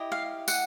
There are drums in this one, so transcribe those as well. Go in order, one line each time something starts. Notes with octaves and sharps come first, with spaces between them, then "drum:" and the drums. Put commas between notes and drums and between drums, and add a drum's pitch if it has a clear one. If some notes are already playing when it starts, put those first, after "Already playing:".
Already playing: E4 G4 D#5
F5
F#5, drum: tambourine